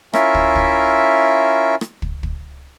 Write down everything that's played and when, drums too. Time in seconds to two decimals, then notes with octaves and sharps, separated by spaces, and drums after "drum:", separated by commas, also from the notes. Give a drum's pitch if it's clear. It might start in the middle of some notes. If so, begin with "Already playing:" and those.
0.13 C#4 E4 F4 A#4 E5, drum: rim click
0.34 drum: kick
0.55 drum: kick
1.81 drum: rim click
2.02 drum: kick
2.23 drum: kick